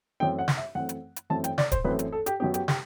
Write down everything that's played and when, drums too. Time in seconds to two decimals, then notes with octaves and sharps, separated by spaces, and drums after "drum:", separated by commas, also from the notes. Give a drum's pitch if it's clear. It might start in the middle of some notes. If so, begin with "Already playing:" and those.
0.20 F#2 E3 A3 C4 G5
0.39 F#5
0.48 drum: snare
0.57 E5
0.75 F#2 E3 A3 C4 F#5
0.89 drum: hi-hat
1.16 drum: hi-hat
1.30 F#2 E3 A3 C4 A5
1.44 G5, drum: hi-hat
1.58 D5, drum: snare
1.72 C5, drum: kick, hi-hat
1.85 F#2 E3 A3 C4 B4
1.99 drum: hi-hat
2.12 A4
2.26 G4, drum: hi-hat
2.40 F#2 F#3 B3 G4
2.54 G4, drum: hi-hat
2.68 G4, drum: snare